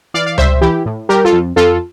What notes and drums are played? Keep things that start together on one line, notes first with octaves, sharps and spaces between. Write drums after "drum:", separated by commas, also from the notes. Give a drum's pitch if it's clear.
E3 D5 F5
F5
G3 C5 E5, drum: tom C#2
E3 E4 G4
A2
G3 G4 A#4
F4 A4
F2
F2 F4 A4